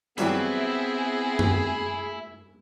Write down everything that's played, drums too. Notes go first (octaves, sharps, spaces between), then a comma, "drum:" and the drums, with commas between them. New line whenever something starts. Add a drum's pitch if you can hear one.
E3 F#3 G3 B3 C4 E4 G#4 E5, drum: hi-hat
drum: tom F#2